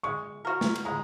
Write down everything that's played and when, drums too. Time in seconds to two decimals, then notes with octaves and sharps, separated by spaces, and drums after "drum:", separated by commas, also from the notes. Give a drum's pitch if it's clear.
0.03 G#3 C#6
0.45 F#4 A#4
0.61 drum: snare
0.75 drum: cymbal
0.85 G#3 A#5